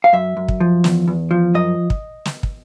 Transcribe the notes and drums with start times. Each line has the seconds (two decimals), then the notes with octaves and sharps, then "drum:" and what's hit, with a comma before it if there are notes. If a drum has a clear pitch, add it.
0.04 F5
0.13 F#2 E5
0.37 F#2
0.48 drum: kick
0.60 F3
0.84 E2, drum: snare
1.08 E2
1.31 F3
1.55 F#2 D#5
1.90 drum: kick
2.25 drum: snare
2.43 drum: kick